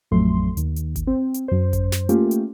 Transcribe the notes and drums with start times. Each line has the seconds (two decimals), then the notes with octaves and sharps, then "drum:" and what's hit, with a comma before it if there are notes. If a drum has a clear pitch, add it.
0.11 A1 F2 F#3 A3 C6
0.57 D#2, drum: hi-hat
0.76 drum: hi-hat
0.96 drum: kick G#1, hi-hat
1.07 C4
1.34 drum: hi-hat
1.48 F#2 C5
1.73 drum: kick G#1, hi-hat
1.92 drum: snare
2.09 A3 A#3 C#4 F4 G4, drum: hi-hat
2.31 drum: hi-hat